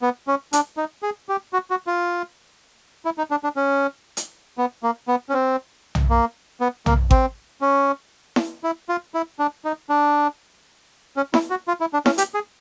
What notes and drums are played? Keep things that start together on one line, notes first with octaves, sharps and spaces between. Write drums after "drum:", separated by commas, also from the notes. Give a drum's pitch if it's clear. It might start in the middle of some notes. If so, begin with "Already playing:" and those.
B3
C#4
D4, drum: hi-hat
D#4
G#4
G4
F#4
F#4
F4
E4
D#4
D4
D4
C#4
drum: hi-hat
B3
A#3
B3
C#4
C4
drum: tom B1
A#3
B3
A#3, drum: tom B1
C4, drum: kick G#1
C#4
drum: snare E4
E4
F4
E4
D4
D#4
D4
C#4
E4, drum: snare E4
F#4
F4
E4
D4
C#4, drum: snare E4
G4, drum: hi-hat
G#4